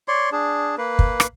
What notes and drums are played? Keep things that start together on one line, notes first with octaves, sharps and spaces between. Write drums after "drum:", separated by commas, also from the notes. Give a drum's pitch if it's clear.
C#5 D5 C6
D4 G#4
A#3 B4
drum: kick
drum: rim click